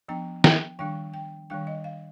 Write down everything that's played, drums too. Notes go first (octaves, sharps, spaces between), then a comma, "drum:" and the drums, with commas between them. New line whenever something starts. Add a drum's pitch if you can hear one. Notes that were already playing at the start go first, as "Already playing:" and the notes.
F3 B3 D4 G5
G5, drum: snare
D#3 G3 D4 G5
G5
D#3 G3 D4 G5
D#5
F5